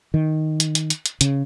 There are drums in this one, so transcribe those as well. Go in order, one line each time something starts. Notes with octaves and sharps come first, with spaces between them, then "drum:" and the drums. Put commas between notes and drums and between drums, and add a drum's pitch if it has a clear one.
D#3
drum: hi-hat
drum: hi-hat
drum: hi-hat
drum: hi-hat
C#3, drum: hi-hat